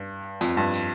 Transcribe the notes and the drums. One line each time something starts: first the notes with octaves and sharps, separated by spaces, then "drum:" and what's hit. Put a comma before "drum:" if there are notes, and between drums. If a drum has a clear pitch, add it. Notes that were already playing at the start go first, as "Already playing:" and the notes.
Already playing: G2
F2, drum: tambourine
G2
drum: tambourine